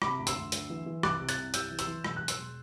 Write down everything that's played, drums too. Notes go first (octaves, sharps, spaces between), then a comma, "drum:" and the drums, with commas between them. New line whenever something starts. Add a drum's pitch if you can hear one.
C3 B5 D6, drum: rim click
D2
C6 E6, drum: hi-hat
D2
D2, drum: hi-hat
E3
E3
C2 D6 F#6, drum: rim click
C3
F#6 A6, drum: hi-hat
C2
C2 E6 G6, drum: hi-hat
E3
C6 E6, drum: hi-hat
E3
E1 E6, drum: rim click
E1 F#6
C6 E6, drum: hi-hat
E1